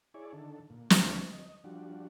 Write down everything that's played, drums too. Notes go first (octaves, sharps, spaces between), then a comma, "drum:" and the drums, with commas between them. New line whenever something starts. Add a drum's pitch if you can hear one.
E4 G#4 C#5 D5
D3 D#3 A4
A#2
D2 D3 F3 A4 C#5 C#6, drum: snare
D#5
F3 G3 D4 F#4